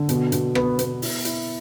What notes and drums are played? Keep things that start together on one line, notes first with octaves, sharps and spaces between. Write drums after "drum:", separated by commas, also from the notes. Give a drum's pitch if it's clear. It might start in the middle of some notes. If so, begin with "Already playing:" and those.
Already playing: D3
B2, drum: hi-hat
B2, drum: hi-hat
B3, drum: rim click
B3, drum: hi-hat
E4, drum: open hi-hat
E4, drum: hi-hat